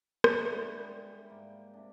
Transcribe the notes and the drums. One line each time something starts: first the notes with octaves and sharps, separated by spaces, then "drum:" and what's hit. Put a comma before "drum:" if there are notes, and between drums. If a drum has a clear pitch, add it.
D3 G#3 A3 B3, drum: rim click
G#3
G3
D5 E5 G5 B5
G#2 A#3 G5
C3 D4